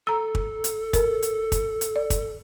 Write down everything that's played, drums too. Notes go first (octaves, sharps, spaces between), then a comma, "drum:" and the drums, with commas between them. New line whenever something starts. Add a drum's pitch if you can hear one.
A4 A#5 E6
drum: kick
drum: hi-hat
A#4, drum: kick, hi-hat
drum: hi-hat
drum: kick, hi-hat
drum: hi-hat
D5
drum: kick, hi-hat